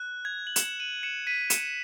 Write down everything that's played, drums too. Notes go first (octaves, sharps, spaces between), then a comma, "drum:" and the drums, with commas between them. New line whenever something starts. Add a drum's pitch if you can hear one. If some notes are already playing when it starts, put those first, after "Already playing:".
Already playing: F#6
G#6
F#7
C#7 E7, drum: hi-hat
D#7 F#7
C#7 E7
B6 D#7
C#7 E7, drum: hi-hat